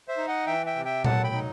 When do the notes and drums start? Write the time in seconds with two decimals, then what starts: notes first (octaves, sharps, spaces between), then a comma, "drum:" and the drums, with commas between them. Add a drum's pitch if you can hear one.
0.08 C5 E5
0.17 D#4
0.28 D#5 F#5
0.46 E3 E5 G5
0.66 E5 G5
0.76 C3
0.85 E5 G5
1.04 F#3 F#5 A5, drum: tom A#2
1.24 G5 B5
1.34 D#4